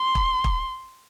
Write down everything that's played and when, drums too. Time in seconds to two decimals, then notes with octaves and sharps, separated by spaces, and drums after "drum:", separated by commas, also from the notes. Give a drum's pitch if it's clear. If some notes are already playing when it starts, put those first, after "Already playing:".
Already playing: C6
0.15 drum: kick
0.44 drum: kick